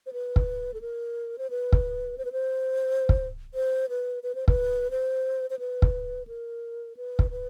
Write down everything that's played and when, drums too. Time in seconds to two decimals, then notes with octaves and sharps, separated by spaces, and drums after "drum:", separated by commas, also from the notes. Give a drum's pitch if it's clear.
0.06 C5
0.13 B4
0.36 drum: kick
0.74 A4
0.81 A#4
1.38 C5
1.50 B4
1.73 drum: kick
2.18 C5
2.25 B4
2.32 C5
3.09 drum: kick
3.54 C5
3.89 B4
4.23 B4
4.35 C5
4.48 B4, drum: kick
4.91 C5
5.50 C5
5.59 B4
5.82 drum: kick
6.27 A#4
6.97 B4
7.19 drum: kick
7.31 B4